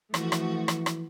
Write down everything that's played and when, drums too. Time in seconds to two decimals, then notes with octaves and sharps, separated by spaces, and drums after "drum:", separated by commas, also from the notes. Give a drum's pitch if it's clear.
0.14 E3 F3 A3 F#4, drum: rim click
0.32 drum: rim click
0.68 drum: rim click
0.86 drum: rim click